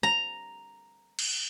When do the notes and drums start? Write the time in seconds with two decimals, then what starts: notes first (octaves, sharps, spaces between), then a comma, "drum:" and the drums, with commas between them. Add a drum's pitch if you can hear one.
0.03 A#5
1.19 drum: cymbal